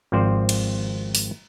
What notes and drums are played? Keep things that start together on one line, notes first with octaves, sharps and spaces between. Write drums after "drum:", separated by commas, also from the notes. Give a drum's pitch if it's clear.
G#1 F3 C4 C5 D5
drum: cymbal
drum: open hi-hat